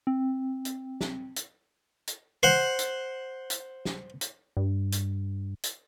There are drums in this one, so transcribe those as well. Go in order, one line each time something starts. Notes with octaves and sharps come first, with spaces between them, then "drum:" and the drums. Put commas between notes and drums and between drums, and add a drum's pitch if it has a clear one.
C4
drum: hi-hat
drum: snare
drum: hi-hat
drum: hi-hat
C5 F#5
drum: hi-hat
drum: hi-hat
drum: snare
drum: hi-hat
G2
drum: hi-hat
drum: hi-hat